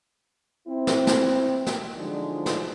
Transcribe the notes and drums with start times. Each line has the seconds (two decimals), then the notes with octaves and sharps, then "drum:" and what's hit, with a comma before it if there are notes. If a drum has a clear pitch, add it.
0.67 C4 E4
0.87 drum: snare
1.07 drum: snare
1.66 drum: snare
1.96 D3 F3 F#3 G#3 D4 D#4
2.46 drum: snare